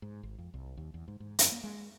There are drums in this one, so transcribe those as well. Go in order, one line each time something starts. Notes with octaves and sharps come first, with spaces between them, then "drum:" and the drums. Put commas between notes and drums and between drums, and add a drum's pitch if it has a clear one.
G#2
G#1
F2
C2
D#2
E2
G#2
G#2
F#2, drum: hi-hat
A#3
G#3